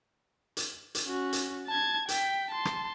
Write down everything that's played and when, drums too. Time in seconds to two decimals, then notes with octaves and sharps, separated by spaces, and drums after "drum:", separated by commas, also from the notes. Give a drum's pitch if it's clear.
0.57 drum: hi-hat
0.95 drum: hi-hat
1.06 C#4 F#4
1.33 drum: hi-hat
1.67 A5 G#6
2.08 G5 B6, drum: hi-hat
2.51 A5 C6
2.65 drum: rim click